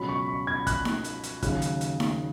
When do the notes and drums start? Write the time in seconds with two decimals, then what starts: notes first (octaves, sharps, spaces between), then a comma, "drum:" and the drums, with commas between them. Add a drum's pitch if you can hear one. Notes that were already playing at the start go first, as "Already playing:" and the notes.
Already playing: C#2 B2 F#3 C#4 B5
0.09 C#6
0.28 C#6
0.47 G#6
0.67 F#6, drum: kick, hi-hat
0.85 drum: snare D#4
1.04 drum: hi-hat
1.23 drum: hi-hat
1.43 D#2 C#3 F#3 F#6, drum: kick, hi-hat
1.62 drum: hi-hat
1.81 drum: hi-hat
2.00 drum: snare D#4